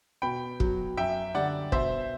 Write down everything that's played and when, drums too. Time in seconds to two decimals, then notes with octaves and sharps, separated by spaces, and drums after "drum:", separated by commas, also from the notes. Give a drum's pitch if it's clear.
0.22 B2 G5 B5
0.60 F#3, drum: kick
0.97 F#2 E5 G5
1.35 D3 G3 D5 F#5
1.72 B2 C5 E5, drum: kick